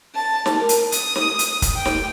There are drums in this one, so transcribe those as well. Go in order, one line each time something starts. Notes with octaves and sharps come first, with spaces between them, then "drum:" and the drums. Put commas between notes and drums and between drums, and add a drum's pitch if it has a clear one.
A5
drum: snare
A#4
drum: hi-hat
D#6, drum: hi-hat
drum: snare
drum: hi-hat
drum: kick, hi-hat
G5
drum: snare